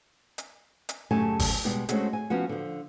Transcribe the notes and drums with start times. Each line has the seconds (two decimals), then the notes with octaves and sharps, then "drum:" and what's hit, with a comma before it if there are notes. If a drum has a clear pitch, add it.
0.38 drum: hi-hat
0.89 drum: hi-hat
1.11 F#2 C#3 A3 G4 G#5 A5
1.39 drum: kick G1, open hi-hat
1.65 B2 G3 G#3 B3 G4
1.89 G#3 A3 C4 C#4 F#4 G#4, drum: hi-hat
2.13 G#5
2.30 F3 B3 C#4 F#4
2.49 D3 F3